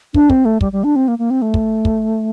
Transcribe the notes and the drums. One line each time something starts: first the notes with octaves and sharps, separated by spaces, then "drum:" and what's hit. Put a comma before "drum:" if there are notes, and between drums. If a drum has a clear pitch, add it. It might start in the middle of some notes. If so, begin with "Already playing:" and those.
D4, drum: kick
C4, drum: kick
A3
G3, drum: kick
G3
D4
C4
A#3
A#3
C4
A3
drum: kick
drum: kick